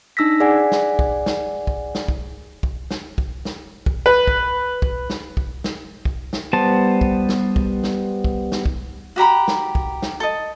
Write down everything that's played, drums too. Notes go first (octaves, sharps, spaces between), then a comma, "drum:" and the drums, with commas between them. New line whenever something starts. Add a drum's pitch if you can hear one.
D4 D#4 E6 A#6 B6
G#4 D5 F#5 G#5
drum: snare
drum: kick
drum: snare
drum: kick
drum: snare
drum: kick
drum: kick
drum: snare
drum: kick
drum: snare
drum: kick
B4
drum: kick
drum: kick
drum: snare
drum: kick
drum: snare
drum: kick
drum: snare
G3 B3 C5 A5
drum: kick
drum: snare
drum: kick
drum: snare
drum: kick
drum: snare
drum: kick
F#4 G4 A#5 B5
drum: snare
drum: kick
drum: snare
A4 D#5